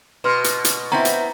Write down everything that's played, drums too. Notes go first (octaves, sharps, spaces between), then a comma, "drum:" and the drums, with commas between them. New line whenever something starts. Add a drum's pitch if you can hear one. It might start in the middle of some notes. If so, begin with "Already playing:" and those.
B2 B4 C6 F6
drum: hi-hat
drum: hi-hat
B3 C4 E4 A#5
drum: hi-hat